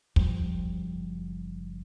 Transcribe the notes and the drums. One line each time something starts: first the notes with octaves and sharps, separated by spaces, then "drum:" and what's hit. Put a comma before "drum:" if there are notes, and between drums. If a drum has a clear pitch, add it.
F#1 F3 G3, drum: kick